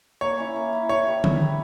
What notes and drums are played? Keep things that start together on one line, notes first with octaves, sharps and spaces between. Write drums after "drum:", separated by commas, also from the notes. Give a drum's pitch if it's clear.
A#3 C#5
C#4 E4
A#3
C#4 E4
E4 C#5
G4 B4
E4, drum: tom D3
G4 B4